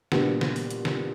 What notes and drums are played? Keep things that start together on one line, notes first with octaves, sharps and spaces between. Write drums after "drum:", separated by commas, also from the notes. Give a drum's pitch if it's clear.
A#2 G3 B3 D4 F#4, drum: snare
drum: snare
drum: open hi-hat
drum: hi-hat
drum: snare